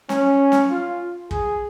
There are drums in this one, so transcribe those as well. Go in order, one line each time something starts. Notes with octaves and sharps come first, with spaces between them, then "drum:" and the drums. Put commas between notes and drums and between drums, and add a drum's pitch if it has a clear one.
C#4, drum: snare
drum: snare
F4
G#4, drum: kick